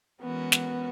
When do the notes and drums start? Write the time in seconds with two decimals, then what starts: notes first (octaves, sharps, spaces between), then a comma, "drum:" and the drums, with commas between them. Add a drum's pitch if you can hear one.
0.21 E3 G#3 B3 C#4 F#4 A#4
0.52 drum: snare